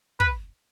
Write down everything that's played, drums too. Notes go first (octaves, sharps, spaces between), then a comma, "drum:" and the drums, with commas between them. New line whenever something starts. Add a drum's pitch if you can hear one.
B4, drum: kick